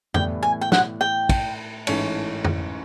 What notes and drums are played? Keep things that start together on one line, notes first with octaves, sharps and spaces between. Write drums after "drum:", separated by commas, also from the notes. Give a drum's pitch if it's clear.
A2 E3 G3 B3 D4 G5, drum: tom F2
G#5
G5
F#5, drum: snare
G5
drum: kick, cymbal
A1 G#2 E3 A3 C#4, drum: cymbal
drum: tom F2